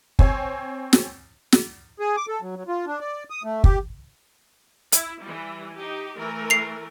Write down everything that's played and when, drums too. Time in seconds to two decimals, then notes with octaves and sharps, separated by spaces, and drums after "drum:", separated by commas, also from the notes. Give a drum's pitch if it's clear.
0.19 C4 C#5 G#5, drum: kick
0.93 drum: snare
1.52 drum: snare
1.99 G#4
2.17 D6
2.28 A4
2.42 F#3
2.56 F#3
2.68 F4
2.87 D4
3.00 D5
3.30 D#6
3.44 A3
3.64 G4, drum: kick
4.92 E4, drum: hi-hat
5.21 E3 G3
5.75 D#4 G4
6.17 E3 A3 A#4
6.50 C7 F7